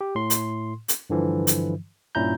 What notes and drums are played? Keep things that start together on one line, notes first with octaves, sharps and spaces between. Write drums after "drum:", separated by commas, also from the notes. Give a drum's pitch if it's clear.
G4
A2 C6
drum: hi-hat
drum: hi-hat
G2 D3 E3 F3
drum: hi-hat
G2 A#2 C#4 E4 A#5 G6